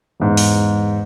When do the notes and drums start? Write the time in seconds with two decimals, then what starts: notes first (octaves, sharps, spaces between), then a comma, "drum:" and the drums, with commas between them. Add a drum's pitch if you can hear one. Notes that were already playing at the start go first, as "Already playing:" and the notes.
0.20 E2 G#2
0.37 drum: open hi-hat